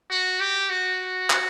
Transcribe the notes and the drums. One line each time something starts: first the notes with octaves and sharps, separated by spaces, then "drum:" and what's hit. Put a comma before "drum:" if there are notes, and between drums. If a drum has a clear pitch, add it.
F#4
G4
F#4
drum: clap